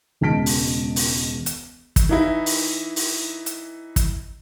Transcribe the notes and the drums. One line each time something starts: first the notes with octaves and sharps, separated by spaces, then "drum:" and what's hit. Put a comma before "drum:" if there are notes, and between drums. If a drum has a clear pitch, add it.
E1 C#2 D#5 A5 B6 D7
drum: open hi-hat
drum: open hi-hat
drum: hi-hat
drum: kick, hi-hat
E3 D#4 E4
drum: open hi-hat
drum: open hi-hat
drum: hi-hat
drum: kick, hi-hat